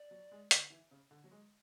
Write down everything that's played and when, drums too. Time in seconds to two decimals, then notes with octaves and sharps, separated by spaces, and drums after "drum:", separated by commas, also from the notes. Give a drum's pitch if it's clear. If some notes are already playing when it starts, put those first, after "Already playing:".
Already playing: D5
0.11 F#3
0.31 G#3
0.51 D3, drum: hi-hat
0.70 E3
0.91 C#3
1.11 D3
1.24 F#3
1.31 G#3